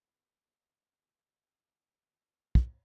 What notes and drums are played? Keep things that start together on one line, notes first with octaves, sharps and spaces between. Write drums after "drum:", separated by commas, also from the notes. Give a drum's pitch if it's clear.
B3 E4 G4 B4
drum: kick